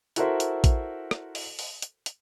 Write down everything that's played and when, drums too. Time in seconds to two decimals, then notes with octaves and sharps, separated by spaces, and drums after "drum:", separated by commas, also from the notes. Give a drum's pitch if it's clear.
0.16 E4 F#4 A4 A#4 C5 E5, drum: hi-hat
0.40 drum: hi-hat
0.64 drum: kick A1, hi-hat
1.11 drum: rim click
1.35 drum: open hi-hat
1.59 drum: open hi-hat
1.82 drum: hi-hat
2.06 drum: hi-hat